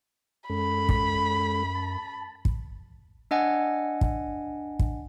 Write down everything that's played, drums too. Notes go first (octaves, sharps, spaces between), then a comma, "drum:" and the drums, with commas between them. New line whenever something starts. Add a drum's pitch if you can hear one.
F#2 G#3 C#4 A4 B5
drum: kick
A5
drum: kick
D4 D#5 F#5 G#5
drum: kick
drum: kick